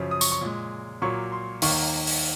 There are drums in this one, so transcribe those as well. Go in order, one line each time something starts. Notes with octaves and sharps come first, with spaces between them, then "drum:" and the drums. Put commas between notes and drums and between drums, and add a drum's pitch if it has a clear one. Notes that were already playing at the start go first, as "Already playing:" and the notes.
Already playing: F#2 C#3 F3
D#6
C#6, drum: tambourine
C#6
A#2 G#3
A#2 F#3 A#3 C#6
C6
D#2 D#3 A#3 C#6, drum: open hi-hat
drum: open hi-hat